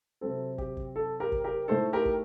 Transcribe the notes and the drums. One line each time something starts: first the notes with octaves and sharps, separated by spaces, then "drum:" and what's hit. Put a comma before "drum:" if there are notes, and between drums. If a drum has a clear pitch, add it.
C3 F#3 C4 A4
G4, drum: kick
drum: kick
A4
G4 A#4
drum: kick
G4 A#4
A2 A3 D#4 A4 C5
G4 A#4
drum: kick